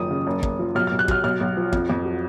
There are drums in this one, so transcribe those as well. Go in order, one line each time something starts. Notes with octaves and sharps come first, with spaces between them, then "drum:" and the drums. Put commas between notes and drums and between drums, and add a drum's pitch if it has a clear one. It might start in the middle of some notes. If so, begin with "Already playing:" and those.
Already playing: F#1 D#3 F3 D#6
C#3
F#1
F#1, drum: kick
F3
B1 F6
B1 F6
F#6
F#3 F6, drum: kick
B1 F6
B1
F3
F2, drum: kick
F2
F#3